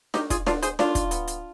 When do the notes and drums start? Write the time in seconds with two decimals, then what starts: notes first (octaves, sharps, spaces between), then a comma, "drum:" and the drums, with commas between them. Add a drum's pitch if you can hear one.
0.14 D#3 D#4 G4, drum: snare D4
0.30 F4 G#4, drum: kick, hi-hat
0.46 B3 D4 F4, drum: snare D4
0.62 G#4 C5, drum: hi-hat
0.79 D#3 D4 F4, drum: snare D4
0.95 drum: kick, hi-hat
1.11 B3, drum: hi-hat
1.27 drum: hi-hat